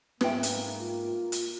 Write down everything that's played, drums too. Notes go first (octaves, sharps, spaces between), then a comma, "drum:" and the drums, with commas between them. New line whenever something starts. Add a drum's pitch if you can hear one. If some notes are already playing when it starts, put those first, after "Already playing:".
G#2 A#3 B4 E5 G5, drum: snare
drum: hi-hat
F4
drum: hi-hat